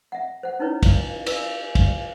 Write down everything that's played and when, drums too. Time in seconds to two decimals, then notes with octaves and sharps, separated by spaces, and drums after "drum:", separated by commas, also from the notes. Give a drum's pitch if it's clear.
0.12 E5 F#5
0.43 C5 F#5
0.59 C#4 D#4 E4 B4 C#5
0.83 drum: kick, cymbal
1.26 B4 E6, drum: cymbal
1.75 drum: kick, cymbal